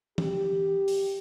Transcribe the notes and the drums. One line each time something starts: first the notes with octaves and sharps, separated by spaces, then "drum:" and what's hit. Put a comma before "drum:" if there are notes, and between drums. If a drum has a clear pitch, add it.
G4, drum: tom
drum: open hi-hat